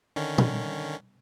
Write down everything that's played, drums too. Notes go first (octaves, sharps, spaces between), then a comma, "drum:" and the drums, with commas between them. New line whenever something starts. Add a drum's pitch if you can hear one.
D3 D#3 C#4
drum: tom A#2